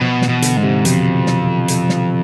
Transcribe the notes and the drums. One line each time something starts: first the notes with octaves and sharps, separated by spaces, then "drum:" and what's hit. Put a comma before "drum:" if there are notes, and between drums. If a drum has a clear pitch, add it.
B2 F3
E3, drum: snare
B2
D3, drum: hi-hat
G#2
C3
F2 B2, drum: hi-hat
drum: snare
drum: hi-hat
drum: snare